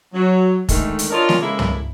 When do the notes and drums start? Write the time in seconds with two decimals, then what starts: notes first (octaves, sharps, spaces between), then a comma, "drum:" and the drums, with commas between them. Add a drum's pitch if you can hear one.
0.14 F#3
0.69 D3 D#3 G#3 A3, drum: kick, hi-hat
0.99 drum: hi-hat
1.10 D4 F4 A#4 C#5 D#5 A5
1.29 drum: snare
1.41 C#3 G#3 A#3 E4 A4
1.59 drum: tom